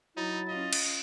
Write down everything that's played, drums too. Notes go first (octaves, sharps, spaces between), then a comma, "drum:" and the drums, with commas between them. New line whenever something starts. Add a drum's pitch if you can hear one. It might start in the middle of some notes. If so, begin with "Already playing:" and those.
F#3 D#4 E4 A6
C#4 F4 D#5
drum: cymbal